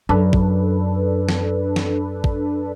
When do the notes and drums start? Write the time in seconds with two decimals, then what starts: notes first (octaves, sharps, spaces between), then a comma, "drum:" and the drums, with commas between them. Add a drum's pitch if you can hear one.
0.09 F#2 D4 A4 B4
0.33 drum: kick
1.29 drum: snare
1.76 drum: snare
2.24 drum: kick